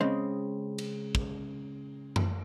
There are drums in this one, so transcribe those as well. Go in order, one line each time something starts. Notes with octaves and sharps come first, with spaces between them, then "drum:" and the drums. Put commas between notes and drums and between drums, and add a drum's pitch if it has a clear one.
C#3 G#3 C4
drum: cymbal
drum: kick
drum: tom F#2